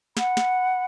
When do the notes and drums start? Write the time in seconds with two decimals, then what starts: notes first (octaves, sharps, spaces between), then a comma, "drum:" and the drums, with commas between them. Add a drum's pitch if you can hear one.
0.17 F#5 B5, drum: snare
0.37 drum: snare